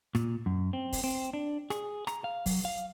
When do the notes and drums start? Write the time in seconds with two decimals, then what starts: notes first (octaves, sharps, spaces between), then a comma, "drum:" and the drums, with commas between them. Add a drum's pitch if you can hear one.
0.15 A#2, drum: rim click
0.46 F#2
0.73 C4
0.93 drum: kick, open hi-hat
1.04 C4
1.33 D4
1.70 G#4, drum: rim click
2.07 A#5, drum: rim click
2.24 F5
2.46 F#3, drum: kick, open hi-hat
2.65 F5